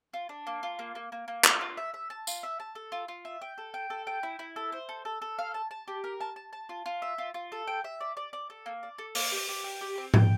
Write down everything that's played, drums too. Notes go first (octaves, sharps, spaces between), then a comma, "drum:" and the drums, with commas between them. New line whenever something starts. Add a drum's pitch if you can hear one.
F4
D4
A#3
F4
A#3
A#3
A#3
A#3
F4, drum: clap
F4
E5
E5
A5
F4, drum: tambourine
E5
A5
A4
F4
F4
E5
G5
A4
G5
A4
G5
E4
E4
A4
C5
A4
A4
A4
F5
A5
A5
G4
A#4
A5
A5
A5
F4
F4
E5
F4
F4
A4
G5
E5
D5
D5
D5
A4
A#3
D5
A4
A#3, drum: open hi-hat
G4
G4
G5
G4
C4
G5, drum: tom G#2